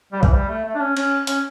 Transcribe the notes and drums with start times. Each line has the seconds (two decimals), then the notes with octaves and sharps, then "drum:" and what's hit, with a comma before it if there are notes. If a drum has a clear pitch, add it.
0.13 G3
0.23 E3, drum: kick B1
0.33 G3
0.49 A3
0.65 A3
0.75 D4
0.81 C#4
0.97 C#4, drum: cymbal
1.27 C#4, drum: hi-hat